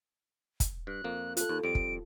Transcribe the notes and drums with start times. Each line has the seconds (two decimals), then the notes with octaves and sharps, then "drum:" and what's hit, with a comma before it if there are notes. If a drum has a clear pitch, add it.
0.60 drum: kick, hi-hat
0.87 G2 F#6
1.04 F2 A#3
1.37 F4 A4 F#6, drum: hi-hat
1.49 D#2
1.64 F2 G3 D7
1.75 drum: kick